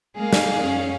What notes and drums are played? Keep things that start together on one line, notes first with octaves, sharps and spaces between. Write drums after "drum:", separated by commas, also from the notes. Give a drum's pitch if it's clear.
G#3 A#3 G#4 F5
drum: snare
F#2 C#4